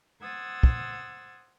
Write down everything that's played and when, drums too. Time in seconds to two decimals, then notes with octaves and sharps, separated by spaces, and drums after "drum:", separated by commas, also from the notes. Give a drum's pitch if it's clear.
0.20 C5 F#5 D#6 E6 G#6 A6
0.63 drum: kick